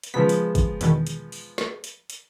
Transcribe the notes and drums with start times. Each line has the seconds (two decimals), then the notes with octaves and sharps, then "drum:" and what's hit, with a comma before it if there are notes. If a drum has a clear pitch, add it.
0.03 drum: hi-hat
0.14 C#3 F3 G#3 B3 B6
0.29 drum: hi-hat
0.55 drum: kick, hi-hat
0.81 E2 B2 D#3, drum: hi-hat
1.07 drum: hi-hat
1.32 drum: open hi-hat
1.58 drum: snare
1.84 drum: hi-hat
2.10 drum: hi-hat